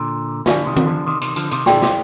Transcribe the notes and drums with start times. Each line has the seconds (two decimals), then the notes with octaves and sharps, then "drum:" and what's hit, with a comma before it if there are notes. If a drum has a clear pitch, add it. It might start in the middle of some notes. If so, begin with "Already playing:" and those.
Already playing: A#2 D3
0.46 D3 F3 G4 D5 F5 G#5, drum: snare
0.66 C3 D#3
0.77 drum: tom
0.86 D3 F3
1.06 C3 D#3
1.21 C3 D#3, drum: hi-hat
1.36 D3 F3, drum: hi-hat
1.51 C3 D#3, drum: hi-hat
1.66 A#2 D3 G#4 D5 G5 C6, drum: snare
1.82 C3, drum: snare